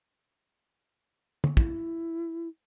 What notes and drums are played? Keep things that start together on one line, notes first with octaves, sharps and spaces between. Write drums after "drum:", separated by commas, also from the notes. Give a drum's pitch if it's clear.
drum: tom
E4, drum: kick